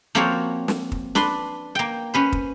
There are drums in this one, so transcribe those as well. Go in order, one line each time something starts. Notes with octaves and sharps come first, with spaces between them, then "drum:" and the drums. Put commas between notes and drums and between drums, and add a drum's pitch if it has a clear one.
F3 A#3 C4 F#4 C5 C#5
drum: snare
drum: kick
D4 B4 C6, drum: snare
A#3 G5
C#4 B4 C5
drum: kick